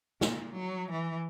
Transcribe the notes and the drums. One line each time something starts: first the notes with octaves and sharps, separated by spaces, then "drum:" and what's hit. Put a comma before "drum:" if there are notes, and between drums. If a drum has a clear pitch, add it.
A#2, drum: snare
F#3
E3